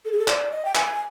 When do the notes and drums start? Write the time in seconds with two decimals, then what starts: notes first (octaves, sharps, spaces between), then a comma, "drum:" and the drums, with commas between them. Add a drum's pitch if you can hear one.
0.05 A4
0.12 G#4
0.19 A4
0.28 D5, drum: clap
0.51 D#5
0.65 G5
0.75 G#5, drum: clap